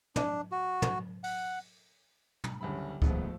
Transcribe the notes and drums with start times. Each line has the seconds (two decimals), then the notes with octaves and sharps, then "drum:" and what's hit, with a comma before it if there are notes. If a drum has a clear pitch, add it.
0.16 D4, drum: tom
0.52 F#4
0.82 drum: tom
1.24 F#5, drum: open hi-hat
2.44 drum: tom
2.61 F#1 D2 G3 C#4 B5
3.02 D#1 A1 G#2 F3 A3 B3, drum: kick C#2